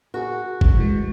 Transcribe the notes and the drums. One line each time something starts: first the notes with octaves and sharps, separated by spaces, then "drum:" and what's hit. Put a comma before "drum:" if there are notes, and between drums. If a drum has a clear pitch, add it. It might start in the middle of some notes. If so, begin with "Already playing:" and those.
F#4 G#4 A#4
drum: kick
E3 G#3